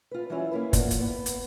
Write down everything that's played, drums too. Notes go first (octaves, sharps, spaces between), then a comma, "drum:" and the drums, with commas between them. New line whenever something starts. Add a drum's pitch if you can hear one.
F4 B4
E3 F#3 G3 C#4 E4 F4
A#3 C#4 E4 B4
A#2 F3 A#3 F#5, drum: kick, hi-hat
drum: hi-hat
B3
drum: hi-hat